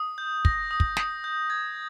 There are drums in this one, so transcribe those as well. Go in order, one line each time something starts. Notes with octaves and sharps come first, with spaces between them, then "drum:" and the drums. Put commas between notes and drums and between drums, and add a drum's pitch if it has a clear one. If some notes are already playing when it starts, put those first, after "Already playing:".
Already playing: D#6
G6
A#6, drum: kick
D#6
drum: kick
D#6, drum: snare
G6
G#6